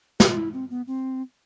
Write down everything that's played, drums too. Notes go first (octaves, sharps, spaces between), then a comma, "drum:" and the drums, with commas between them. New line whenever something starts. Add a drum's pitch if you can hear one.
G4, drum: snare
F4
E4
C4
B3
C4